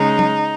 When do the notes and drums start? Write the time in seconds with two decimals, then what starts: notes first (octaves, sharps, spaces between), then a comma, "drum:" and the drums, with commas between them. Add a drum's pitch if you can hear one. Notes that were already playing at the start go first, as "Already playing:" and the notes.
Already playing: C#3 G#3 D#4
0.19 drum: tom